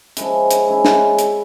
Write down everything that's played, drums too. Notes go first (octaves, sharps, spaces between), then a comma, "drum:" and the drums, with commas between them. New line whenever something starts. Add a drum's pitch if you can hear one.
F3 G#3 C#4 E4, drum: hi-hat
drum: hi-hat
G#3 C#4 E4
drum: snare
drum: hi-hat